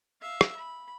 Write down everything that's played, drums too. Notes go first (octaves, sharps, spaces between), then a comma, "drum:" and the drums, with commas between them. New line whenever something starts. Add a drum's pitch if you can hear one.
E5 F5
drum: rim click
B5